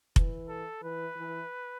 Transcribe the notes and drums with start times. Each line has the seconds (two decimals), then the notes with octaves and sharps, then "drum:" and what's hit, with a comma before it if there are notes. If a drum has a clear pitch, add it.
0.16 E3, drum: kick F1
0.49 A4
0.82 E3 B4
1.16 E3